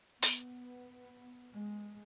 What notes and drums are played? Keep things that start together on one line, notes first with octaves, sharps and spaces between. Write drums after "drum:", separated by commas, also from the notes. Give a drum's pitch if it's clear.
B3, drum: hi-hat
G#3